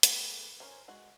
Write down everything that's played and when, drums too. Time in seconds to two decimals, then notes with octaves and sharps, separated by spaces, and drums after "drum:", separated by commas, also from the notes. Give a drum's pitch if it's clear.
0.03 A3 B3 G4 G#4, drum: hi-hat
0.60 C#4 A#4 C5 G#5
0.88 G#3 F#4